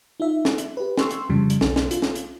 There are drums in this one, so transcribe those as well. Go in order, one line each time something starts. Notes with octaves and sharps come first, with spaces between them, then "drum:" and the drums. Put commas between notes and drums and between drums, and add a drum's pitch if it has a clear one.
D#4 F4 E5
drum: snare
drum: hi-hat
G4 B4
G5 C6 C#6 E6, drum: snare
drum: hi-hat
F2 C#3 F3 G3
drum: hi-hat
B1 D4, drum: snare
drum: snare
F4, drum: hi-hat
drum: snare
drum: hi-hat